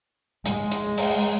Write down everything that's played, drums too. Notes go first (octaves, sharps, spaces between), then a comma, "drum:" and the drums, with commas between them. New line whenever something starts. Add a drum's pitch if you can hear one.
G#3, drum: hi-hat
drum: hi-hat
drum: open hi-hat